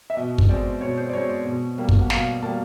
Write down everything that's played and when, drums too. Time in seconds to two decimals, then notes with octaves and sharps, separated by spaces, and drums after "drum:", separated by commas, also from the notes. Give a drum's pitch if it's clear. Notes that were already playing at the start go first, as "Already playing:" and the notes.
0.10 E5
0.17 B2 D#5
0.38 drum: kick
0.49 G#3 C4 D5
0.81 B2 C#5
0.97 C5
1.09 D5
1.13 G#3 C4 C#5
1.29 D5
1.45 B2
1.78 G3 A#3
1.89 drum: kick
2.01 F#5
2.10 B2 F5, drum: snare
2.43 G3 A#3 A5